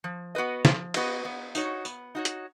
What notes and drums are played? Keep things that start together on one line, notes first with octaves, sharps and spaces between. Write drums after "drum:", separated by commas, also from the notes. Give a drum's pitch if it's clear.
F3
B3 F#4 B4 D#5
F3, drum: snare
B3 F#4 B4 D#5, drum: cymbal
B3
D#4 F#4 C#5, drum: tambourine
B3, drum: tambourine
D#4 F#4 C#5
drum: hi-hat